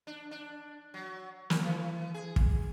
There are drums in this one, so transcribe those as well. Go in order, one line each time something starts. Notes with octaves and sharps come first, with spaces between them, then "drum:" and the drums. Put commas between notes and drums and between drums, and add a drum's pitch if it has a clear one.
D4
D4
F#3
A#4, drum: snare
E3
G#4
drum: kick